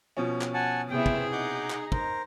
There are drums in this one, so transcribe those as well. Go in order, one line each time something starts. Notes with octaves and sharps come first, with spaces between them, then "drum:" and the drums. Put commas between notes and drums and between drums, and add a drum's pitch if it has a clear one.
B2 F3 C#4
drum: clap
F#5 G#5 A5
C3 B3 E4 G#4 G5
drum: kick
D#4 F#5 D6 G6
drum: clap
A#4 C5, drum: kick